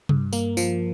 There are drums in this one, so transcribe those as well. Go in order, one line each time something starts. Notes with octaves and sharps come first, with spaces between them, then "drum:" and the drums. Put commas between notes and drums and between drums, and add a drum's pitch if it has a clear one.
G2, drum: tom C3
A#3, drum: tambourine
F3, drum: tambourine